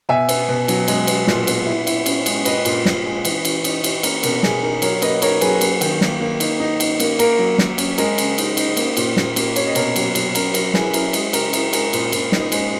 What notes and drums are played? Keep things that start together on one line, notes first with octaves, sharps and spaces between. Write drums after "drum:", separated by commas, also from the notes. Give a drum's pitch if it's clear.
B2 E5 G#5
B3, drum: cymbal
B2
F#3, drum: cymbal
G#3, drum: cymbal
B3, drum: cymbal
A#2, drum: snare
B3, drum: cymbal
E4
E4, drum: cymbal
C#4, drum: cymbal
G#3, drum: cymbal
A#2 B4 D#5, drum: cymbal
A#2, drum: cymbal
A#2, drum: snare
G#3
E3, drum: cymbal
E3, drum: cymbal
D#4, drum: cymbal
E3, drum: cymbal
A#3 A#4, drum: cymbal
B2 A#4, drum: cymbal
B2 G#4, drum: snare
D#4 A#4
F#3 A#4 C#5, drum: cymbal
A#3 B4 D#5, drum: cymbal
D#4 A#4 C#5, drum: cymbal
F#3 G#4 B4, drum: cymbal
A#3, drum: cymbal
D#3, drum: cymbal
A#3, drum: snare
A#3
D#4, drum: cymbal
D#4
D#4, drum: cymbal
A#3, drum: cymbal
A#3 A#4, drum: cymbal
F#3
A#3, drum: snare
C#4, drum: cymbal
G#3 A#4, drum: cymbal
C#3, drum: cymbal
D#4, drum: cymbal
D#4, drum: cymbal
A#3, drum: cymbal
A#2, drum: cymbal
A#2, drum: snare
A#3, drum: cymbal
C#4 C#5, drum: cymbal
D#5
B2 A#4 C#5, drum: cymbal
F#3, drum: cymbal
F#3, drum: cymbal
C#4 A#4, drum: cymbal
F#3 A#4, drum: cymbal
E4 G#4 B4, drum: snare
E4 A#4, drum: cymbal
G#3 G#4, drum: cymbal
C#3 A#4, drum: cymbal
E4 A#4, drum: cymbal
G#3 A#4, drum: cymbal
A#2, drum: cymbal
A#2, drum: cymbal
D#4, drum: snare
G#3, drum: cymbal